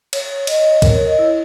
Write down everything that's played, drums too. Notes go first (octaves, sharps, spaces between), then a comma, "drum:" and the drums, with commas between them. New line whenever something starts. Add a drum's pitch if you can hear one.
C#5, drum: cymbal
D#5, drum: cymbal
D#5
C#5
A#4, drum: kick, cymbal
C#5
D#5
E4